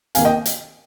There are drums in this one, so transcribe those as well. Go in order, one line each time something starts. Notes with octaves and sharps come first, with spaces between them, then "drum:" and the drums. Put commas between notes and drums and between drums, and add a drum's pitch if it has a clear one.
C3 D#3 A#3 F5 G#5, drum: hi-hat
D#5 G5
drum: hi-hat